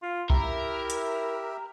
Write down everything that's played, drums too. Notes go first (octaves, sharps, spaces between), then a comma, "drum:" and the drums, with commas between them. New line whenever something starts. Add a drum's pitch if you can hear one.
F4
E4 G4 A#4 E5, drum: kick B1
drum: hi-hat